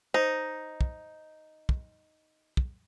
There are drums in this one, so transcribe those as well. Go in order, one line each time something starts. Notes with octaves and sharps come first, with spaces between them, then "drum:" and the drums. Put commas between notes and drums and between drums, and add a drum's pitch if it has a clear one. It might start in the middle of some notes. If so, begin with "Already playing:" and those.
D#4 C5
drum: kick
drum: kick
drum: kick